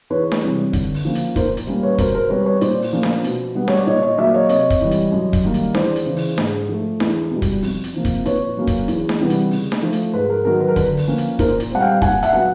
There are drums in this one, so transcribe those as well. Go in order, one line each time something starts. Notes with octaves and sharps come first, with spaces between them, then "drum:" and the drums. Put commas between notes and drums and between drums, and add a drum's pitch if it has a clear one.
E2 B4 C#5
drum: snare D4
C3 E3 G3
D3, drum: kick, hi-hat
drum: open hi-hat
F3 A#3 C#4
drum: hi-hat
A#2 A#4 C5, drum: kick, hi-hat
drum: hi-hat
G3 A#3 C#4
B4 C#5
B2 A#4 C5, drum: kick, hi-hat
A#4 C5
G3 C4 B4 C#5
B4 C#5
A#2 C5 D5, drum: hi-hat
drum: open hi-hat
F3 A#3 C#4
drum: snare D4
B2, drum: hi-hat
G3 B3
C#5, drum: snare D4
D5
A#2 C#5 D#5
C#5 D#5
F#3 A#3 D5 E5
C#5 D#5
C3 C#5 D#5, drum: hi-hat
drum: kick, hi-hat
E3 G3
drum: hi-hat
F#2
drum: kick, hi-hat
D#3 G3 A#3
drum: hi-hat
E2 C5 D5, drum: snare D4
drum: hi-hat
C#3 E3
drum: open hi-hat
G#2, drum: snare D4
F3 A3
E2, drum: snare D4
B2 G3
drum: kick, hi-hat
F2, drum: open hi-hat
drum: hi-hat
C3 F3 A#3
drum: kick, hi-hat
A#2 B4 C#5, drum: hi-hat
F#3 A#3 C#4
drum: kick, hi-hat
E2, drum: hi-hat
drum: snare D4
C3 E3 G3 B3
drum: hi-hat
C#3, drum: open hi-hat
drum: snare D4
F3 A3
drum: hi-hat
G#2 B4
A#4
D#3 F#3 B3 A#4
B4
A#4
D3 B4, drum: kick, hi-hat
drum: open hi-hat
F3 A#3 C#4
drum: hi-hat
A#2 A#4 C5, drum: kick, hi-hat
drum: hi-hat
G3 C4 F#5
F5 G5
A#2 F#5 G#5, drum: kick, hi-hat
E5 F#5, drum: hi-hat
F#3 B3 F#5